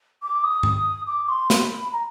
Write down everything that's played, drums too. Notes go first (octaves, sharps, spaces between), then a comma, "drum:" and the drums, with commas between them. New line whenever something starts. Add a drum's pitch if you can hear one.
D6
D#6
drum: tom G2
D6
C6
B5, drum: snare
A#5